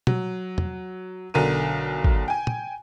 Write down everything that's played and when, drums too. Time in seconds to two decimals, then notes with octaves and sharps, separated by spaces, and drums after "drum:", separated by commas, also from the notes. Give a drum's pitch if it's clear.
0.07 F#3, drum: tom B2
0.58 drum: tom
1.34 B1 D3 A#4 D#7
2.04 drum: kick G#1
2.28 G5 G#5
2.47 drum: tom